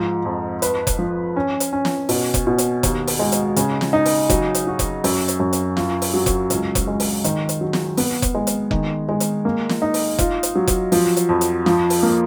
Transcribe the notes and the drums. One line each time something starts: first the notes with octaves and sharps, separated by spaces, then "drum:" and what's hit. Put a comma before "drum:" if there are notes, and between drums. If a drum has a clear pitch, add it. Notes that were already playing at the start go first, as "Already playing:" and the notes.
Already playing: G#2 F3
F2
B4, drum: hi-hat
drum: kick F1, hi-hat
F3
C#4
drum: hi-hat
C#4
drum: snare
B2, drum: open hi-hat
drum: kick F1, hi-hat
B2
drum: hi-hat
D#2, drum: kick F1, hi-hat
drum: open hi-hat
G#3
drum: hi-hat
C#3, drum: hi-hat
drum: snare
D#4
drum: open hi-hat
F#3, drum: kick F1, hi-hat
drum: hi-hat
F#4
drum: kick F1, hi-hat
F#2, drum: open hi-hat
drum: hi-hat
F#2
drum: hi-hat
F4, drum: snare
drum: open hi-hat
F#3
drum: kick F1, hi-hat
C#2, drum: hi-hat
drum: kick F1, hi-hat
G#3
drum: open hi-hat
D#3, drum: hi-hat
drum: hi-hat
F#3
drum: snare
B3, drum: open hi-hat
drum: kick F1, hi-hat
G#3
drum: hi-hat
D#3, drum: kick F1
G#3
drum: hi-hat
A#3
drum: snare
D#4
drum: open hi-hat
F4, drum: kick F1, hi-hat
drum: hi-hat
F#3
drum: kick F1, hi-hat
F3, drum: open hi-hat
drum: hi-hat
F2
drum: hi-hat
F3, drum: snare
drum: open hi-hat
A#3